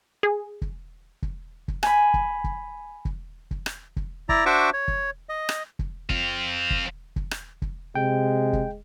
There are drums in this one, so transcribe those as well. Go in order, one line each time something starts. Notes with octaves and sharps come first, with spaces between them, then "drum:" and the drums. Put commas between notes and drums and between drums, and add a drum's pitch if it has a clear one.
G#4
drum: kick
drum: kick
drum: kick
G#5 B5, drum: rim click
drum: kick
drum: kick
drum: kick
drum: kick
drum: rim click
drum: kick
E4 D5 A#5, drum: kick
D4 F#4 C5 E5 C#6 D6
C#5
drum: kick
D#5
drum: rim click
drum: kick
C4 F4, drum: kick
drum: kick
drum: kick
drum: rim click
drum: kick
C3 G#3 G5
drum: kick